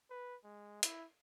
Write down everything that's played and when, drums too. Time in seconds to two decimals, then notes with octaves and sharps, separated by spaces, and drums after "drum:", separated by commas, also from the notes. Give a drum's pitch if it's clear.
0.10 B4
0.44 G#3
0.83 E4, drum: hi-hat